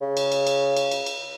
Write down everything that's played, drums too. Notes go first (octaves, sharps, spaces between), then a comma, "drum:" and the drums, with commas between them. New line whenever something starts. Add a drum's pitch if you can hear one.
C#3
drum: cymbal
drum: cymbal
drum: cymbal
drum: cymbal
drum: cymbal
drum: cymbal